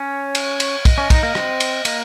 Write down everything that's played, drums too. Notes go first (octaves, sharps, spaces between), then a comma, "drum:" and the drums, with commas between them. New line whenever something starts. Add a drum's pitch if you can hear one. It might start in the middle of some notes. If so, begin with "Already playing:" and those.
Already playing: C#4 C#5
drum: cymbal
drum: cymbal
D#5, drum: kick, cymbal
C#4
D#4, drum: kick, cymbal
A#3
C4, drum: rim click
drum: cymbal
A#3 D#5, drum: cymbal